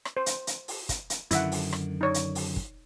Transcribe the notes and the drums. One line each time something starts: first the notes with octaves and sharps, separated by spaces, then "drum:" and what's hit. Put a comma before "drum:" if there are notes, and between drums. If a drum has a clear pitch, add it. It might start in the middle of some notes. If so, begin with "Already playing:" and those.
drum: rim click
C5
drum: hi-hat
drum: hi-hat
drum: open hi-hat
drum: kick, hi-hat
drum: hi-hat
F#2 D3 D#3 E4 E5 F#5, drum: hi-hat
drum: open hi-hat
drum: rim click
D#4 C#5 D5
drum: hi-hat
drum: open hi-hat
drum: kick